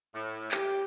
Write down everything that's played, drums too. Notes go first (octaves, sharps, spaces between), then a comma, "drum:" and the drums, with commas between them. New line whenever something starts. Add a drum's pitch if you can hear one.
A2
G4, drum: clap